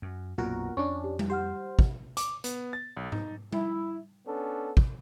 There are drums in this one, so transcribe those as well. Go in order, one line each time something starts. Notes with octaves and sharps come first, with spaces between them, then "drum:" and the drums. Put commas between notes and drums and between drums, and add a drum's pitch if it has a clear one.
F#2
B1 F#2 A#2 F4 F#4 A#4
F2 C#4 D4 C#6
G4
drum: tom G3
G4 C5 F#5 F6
drum: kick
D6, drum: hi-hat
B3, drum: hi-hat
A6
B1
D#4, drum: tom G#2
E4, drum: tom G3
B3 C#4 D4 A4
drum: kick